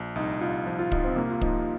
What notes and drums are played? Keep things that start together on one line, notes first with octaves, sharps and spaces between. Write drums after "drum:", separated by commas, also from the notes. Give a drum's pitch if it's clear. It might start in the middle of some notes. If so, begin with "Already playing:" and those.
Already playing: A#1
C2 D#4
C2 F4
F3 F4
F4
C2 D#4, drum: kick
C4
C3 A#3
F4
F3 D#4, drum: kick